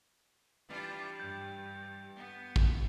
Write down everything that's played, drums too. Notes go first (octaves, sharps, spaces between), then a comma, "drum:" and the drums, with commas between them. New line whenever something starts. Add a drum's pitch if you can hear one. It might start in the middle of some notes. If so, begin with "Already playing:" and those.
E3 G3 D4 F4
G2 G6
B3
drum: kick A1